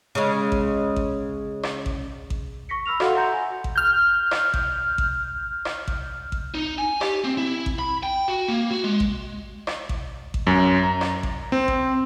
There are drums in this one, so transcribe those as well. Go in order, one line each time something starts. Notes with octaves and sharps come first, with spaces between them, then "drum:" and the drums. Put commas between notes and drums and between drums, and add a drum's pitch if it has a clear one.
C#3 G#3
drum: kick A1
drum: kick A1
drum: rim click
drum: kick A1
drum: kick A1
C#6 A#6 B6 C#7
B5 E6 F6 F7
F#4 A4 F5 F#5 C6, drum: rim click
E5 F#5 A#5 G6 A#6 C#7
G#5
drum: kick A1
F6 G6
drum: rim click
drum: kick A1
drum: kick A1
drum: rim click
drum: kick A1
drum: kick A1
D#4
G#5
G4, drum: rim click
C4
E4
drum: kick A1
B5
G5
F#4
A#3
F#4
G#3
drum: kick A1
drum: rim click
drum: kick A1
drum: kick A1
F#2
A#5
drum: rim click
drum: kick A1
C4
drum: kick A1